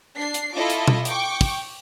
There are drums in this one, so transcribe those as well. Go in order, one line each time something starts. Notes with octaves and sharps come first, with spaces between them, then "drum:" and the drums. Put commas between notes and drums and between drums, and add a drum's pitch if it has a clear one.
D4 C7
drum: hi-hat
E4 F4 A4 D#5 E5 D6
drum: hi-hat
drum: tom B2
G5 C#6 D6, drum: hi-hat
drum: kick, open hi-hat